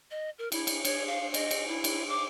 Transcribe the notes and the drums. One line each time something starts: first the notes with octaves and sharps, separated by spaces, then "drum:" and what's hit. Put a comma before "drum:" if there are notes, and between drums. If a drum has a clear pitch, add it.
D#5
A#4
E4, drum: cymbal
drum: cymbal
C#5, drum: cymbal
F5
D#5, drum: cymbal
drum: cymbal
E4
drum: cymbal
D6